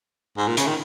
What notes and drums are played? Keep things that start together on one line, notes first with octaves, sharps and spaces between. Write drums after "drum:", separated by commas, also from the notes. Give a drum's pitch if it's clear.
G#2
A#2
C#3, drum: hi-hat
D#3